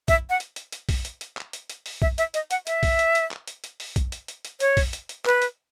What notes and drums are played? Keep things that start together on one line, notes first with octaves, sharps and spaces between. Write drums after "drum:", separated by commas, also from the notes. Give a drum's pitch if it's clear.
E5, drum: kick B1, hi-hat
F#5
drum: hi-hat
drum: hi-hat
drum: hi-hat
drum: kick B1, open hi-hat
drum: hi-hat
drum: hi-hat
drum: clap
drum: hi-hat
drum: hi-hat
drum: open hi-hat
E5, drum: kick B1
E5, drum: hi-hat
D#5, drum: hi-hat
F#5, drum: hi-hat
E5, drum: hi-hat
drum: kick B1, open hi-hat
drum: hi-hat
drum: hi-hat
drum: clap
drum: hi-hat
drum: hi-hat
drum: open hi-hat
drum: kick B1, hi-hat
drum: hi-hat
drum: hi-hat
drum: hi-hat
C#5, drum: hi-hat
drum: kick B1, open hi-hat
drum: hi-hat
drum: hi-hat
B4, drum: clap
drum: hi-hat